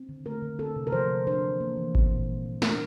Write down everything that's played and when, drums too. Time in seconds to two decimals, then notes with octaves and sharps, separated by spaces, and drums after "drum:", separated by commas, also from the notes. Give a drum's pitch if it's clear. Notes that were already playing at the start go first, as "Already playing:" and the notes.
Already playing: C4
0.09 D3
0.25 A3 A#4
0.42 D3
0.59 C4 A4
0.76 C3
0.87 A#4
0.92 F3 C5
1.10 C3
1.27 D4 C5
1.44 E3
1.61 A#3
1.77 E3
1.95 C4, drum: kick G#1
2.12 A#2
2.29 G3
2.45 A#2
2.62 D4 A#4, drum: snare